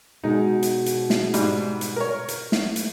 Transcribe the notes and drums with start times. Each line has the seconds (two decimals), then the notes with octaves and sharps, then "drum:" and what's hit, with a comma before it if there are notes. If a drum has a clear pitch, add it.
0.24 B2 G#3 D#4
0.63 drum: hi-hat
0.86 drum: hi-hat
1.10 drum: snare
1.34 G#2 G3, drum: hi-hat
1.81 drum: hi-hat
1.96 A#4 C#5
2.28 drum: hi-hat
2.52 drum: snare
2.76 drum: hi-hat